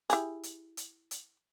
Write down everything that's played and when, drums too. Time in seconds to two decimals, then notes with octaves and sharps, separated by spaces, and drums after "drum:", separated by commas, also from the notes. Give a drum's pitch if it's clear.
0.10 E4 G4 G#4, drum: hi-hat
0.43 drum: hi-hat
0.77 drum: hi-hat
1.11 drum: hi-hat